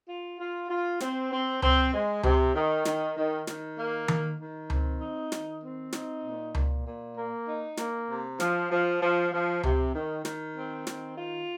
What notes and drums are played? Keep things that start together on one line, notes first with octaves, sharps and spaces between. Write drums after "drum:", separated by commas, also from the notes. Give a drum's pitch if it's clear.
F4
F4
F4
C4, drum: snare
C4
C4, drum: tom C#2
G#3
C3, drum: tom C#2
D#3
D#3, drum: snare
D#3
D#3, drum: snare
A#3
D#3, drum: tom D#3
D#3
C4, drum: tom C#2
D#4
D#3, drum: snare
C4
D#4, drum: snare
A#2
A#2, drum: tom C#2
A#2
A#3
D#4
A#3, drum: snare
C3
F3, drum: snare
F3
F3
F3
C3, drum: tom C#2
D#3
D#3, drum: snare
C4
D#3, drum: snare
F4